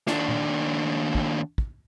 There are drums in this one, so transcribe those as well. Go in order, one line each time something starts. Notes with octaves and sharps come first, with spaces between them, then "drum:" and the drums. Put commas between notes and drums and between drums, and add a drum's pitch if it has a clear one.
D#2 D4, drum: snare
drum: tom A#2
drum: kick
drum: kick